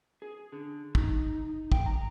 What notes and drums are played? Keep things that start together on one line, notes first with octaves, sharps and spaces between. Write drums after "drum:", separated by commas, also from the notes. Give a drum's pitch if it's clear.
G#4
D3
D#4, drum: kick
G5, drum: kick
A#5